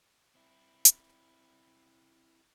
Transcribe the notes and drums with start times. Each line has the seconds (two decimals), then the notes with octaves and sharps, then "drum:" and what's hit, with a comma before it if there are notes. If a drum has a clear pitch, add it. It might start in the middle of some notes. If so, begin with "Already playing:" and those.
0.35 C4 E4
0.85 drum: hi-hat